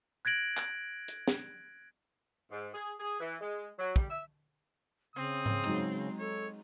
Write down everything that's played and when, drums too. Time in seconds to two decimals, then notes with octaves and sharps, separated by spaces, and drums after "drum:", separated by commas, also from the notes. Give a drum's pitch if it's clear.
0.25 F#6 G#6 A#6 D7 F#7
0.57 drum: clap
1.08 drum: hi-hat
1.28 drum: snare
2.52 G#2
2.74 G#4
3.00 G#4
3.20 E3
3.41 G#3
3.79 F#3
3.96 G3, drum: kick
4.10 E5
5.16 C#3 C4 D#6
5.46 drum: tom G#2
5.64 F#3 G#3 D#4, drum: cymbal
6.19 A4 C#5